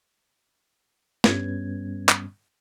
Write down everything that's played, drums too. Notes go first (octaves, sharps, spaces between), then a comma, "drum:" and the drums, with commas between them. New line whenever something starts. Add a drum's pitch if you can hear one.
G2 G3 B3 C#4 G#6, drum: snare
drum: clap